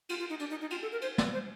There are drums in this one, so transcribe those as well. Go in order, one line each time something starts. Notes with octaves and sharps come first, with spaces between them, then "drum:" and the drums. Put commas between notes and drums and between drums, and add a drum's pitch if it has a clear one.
F4, drum: cymbal
F4
D#4
D4, drum: cymbal
D#4
D#4
F4, drum: cymbal
A4
A#4
C5, drum: cymbal
D5, drum: snare
C5